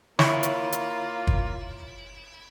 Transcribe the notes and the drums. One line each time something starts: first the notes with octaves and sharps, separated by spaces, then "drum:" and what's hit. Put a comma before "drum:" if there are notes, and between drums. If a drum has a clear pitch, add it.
A#3 E4 F4 C#5, drum: snare
drum: hi-hat
drum: hi-hat
drum: kick